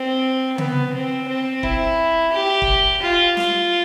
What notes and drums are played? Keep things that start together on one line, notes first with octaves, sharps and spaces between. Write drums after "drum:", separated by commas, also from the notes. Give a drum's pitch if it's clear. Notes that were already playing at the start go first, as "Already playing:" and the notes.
Already playing: C4
B3, drum: tom C#3
C4
C4
E4, drum: kick
G4
drum: kick
F4
F4, drum: snare